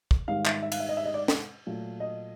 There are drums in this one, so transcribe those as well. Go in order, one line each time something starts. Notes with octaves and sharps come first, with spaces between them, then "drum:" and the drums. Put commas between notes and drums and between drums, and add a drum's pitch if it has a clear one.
drum: kick
G#2 D#3 G3 F5
E5, drum: clap
E5
F5, drum: cymbal
E5
D#5
E5
D#5
D5
drum: snare
A#2 F#3 A3
D#5